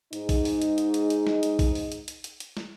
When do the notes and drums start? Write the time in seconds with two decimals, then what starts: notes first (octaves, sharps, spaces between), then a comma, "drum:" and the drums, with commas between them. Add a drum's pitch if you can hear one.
0.13 G#2 D#4, drum: hi-hat
0.29 drum: kick A#1, open hi-hat
0.45 drum: open hi-hat
0.62 drum: hi-hat
0.78 drum: hi-hat
0.94 drum: hi-hat
1.10 drum: hi-hat
1.27 drum: snare
1.43 drum: hi-hat
1.59 drum: kick A#1, open hi-hat
1.75 drum: open hi-hat
1.92 drum: hi-hat
2.08 drum: hi-hat
2.24 drum: hi-hat
2.40 drum: hi-hat
2.57 drum: snare